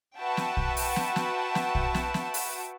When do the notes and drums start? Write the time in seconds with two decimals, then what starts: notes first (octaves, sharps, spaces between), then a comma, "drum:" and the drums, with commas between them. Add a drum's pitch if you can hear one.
0.18 F#4 B4 E5 F#5 G5 A5
0.37 drum: snare
0.57 drum: kick
0.77 drum: open hi-hat
0.96 drum: snare
1.16 drum: snare
1.55 drum: snare
1.75 drum: kick
1.95 drum: snare
2.14 drum: snare
2.34 drum: open hi-hat